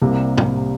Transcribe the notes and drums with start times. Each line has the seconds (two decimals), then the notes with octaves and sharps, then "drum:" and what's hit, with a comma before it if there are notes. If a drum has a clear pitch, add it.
0.02 C2 C3 G3 A#3
0.38 drum: tom